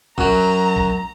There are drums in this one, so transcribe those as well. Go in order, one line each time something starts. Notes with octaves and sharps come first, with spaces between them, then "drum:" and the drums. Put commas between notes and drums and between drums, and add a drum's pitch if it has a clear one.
F#2 F#3 A#5, drum: kick
drum: kick